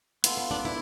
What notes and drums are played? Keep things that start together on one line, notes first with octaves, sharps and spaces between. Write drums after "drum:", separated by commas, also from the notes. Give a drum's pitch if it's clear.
B3 E4 F4 A4, drum: hi-hat
D4
D4
E4